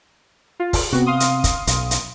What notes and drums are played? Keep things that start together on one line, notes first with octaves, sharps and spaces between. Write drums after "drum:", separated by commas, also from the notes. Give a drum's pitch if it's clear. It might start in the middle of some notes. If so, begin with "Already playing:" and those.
F4
drum: kick, open hi-hat
C3 B3 F#4
F5 C6 D#6
drum: hi-hat
drum: kick, hi-hat
B1, drum: hi-hat
drum: hi-hat